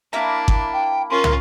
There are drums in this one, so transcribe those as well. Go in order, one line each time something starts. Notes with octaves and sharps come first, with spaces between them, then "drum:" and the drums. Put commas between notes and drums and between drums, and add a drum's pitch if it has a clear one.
A#3 D4 E4 A#5
drum: kick G1
G5
C#4 F4 A#4 C6
drum: tom